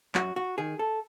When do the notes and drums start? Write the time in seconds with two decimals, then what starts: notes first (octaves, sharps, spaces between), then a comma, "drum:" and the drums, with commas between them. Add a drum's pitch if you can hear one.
0.15 F#2 F#4, drum: clap
0.36 F#4
0.58 D#3 G#4
0.79 A4